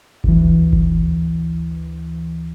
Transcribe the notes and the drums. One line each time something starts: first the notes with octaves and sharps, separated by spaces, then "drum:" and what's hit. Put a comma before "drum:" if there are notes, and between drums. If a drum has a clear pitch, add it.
D2 E3, drum: kick G1
drum: kick G1